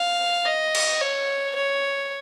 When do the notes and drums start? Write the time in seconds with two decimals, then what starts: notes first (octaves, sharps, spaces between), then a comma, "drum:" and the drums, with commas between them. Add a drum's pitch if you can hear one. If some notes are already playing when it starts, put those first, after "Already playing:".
Already playing: F5
0.45 D#5
0.75 drum: cymbal
1.01 C#5
1.56 C#5